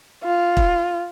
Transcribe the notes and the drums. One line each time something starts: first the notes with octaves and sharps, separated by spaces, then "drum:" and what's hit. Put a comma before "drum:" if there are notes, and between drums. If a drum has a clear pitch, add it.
F4
drum: kick E1